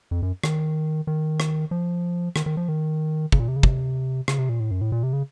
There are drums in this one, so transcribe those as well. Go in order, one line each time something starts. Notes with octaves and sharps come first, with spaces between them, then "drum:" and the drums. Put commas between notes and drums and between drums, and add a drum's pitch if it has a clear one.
F2
F#2
D#3, drum: rim click
D#3
drum: rim click
F3
D#3, drum: rim click
D#3
F3
D#3
C#3, drum: kick
A#2
C3
C#3
C3, drum: kick
C#3, drum: rim click
C3
A#2
A2
F#2
A2
A#2
C3
C#3